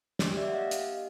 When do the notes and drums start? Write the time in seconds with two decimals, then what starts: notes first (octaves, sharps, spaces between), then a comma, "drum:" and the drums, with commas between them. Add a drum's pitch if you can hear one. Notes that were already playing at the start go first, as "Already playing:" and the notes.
0.19 A#3 D4 G4 C#5 D#5, drum: snare
0.37 D5 E5
0.48 F#5
0.54 D#5 F5
0.71 drum: hi-hat